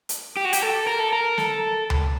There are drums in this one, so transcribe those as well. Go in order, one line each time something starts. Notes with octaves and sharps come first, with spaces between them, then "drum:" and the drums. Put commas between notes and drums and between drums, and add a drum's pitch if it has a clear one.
drum: hi-hat
G4
F#4
G4, drum: hi-hat
A4
A#4
A4
A#4
A4, drum: snare
drum: tom C#2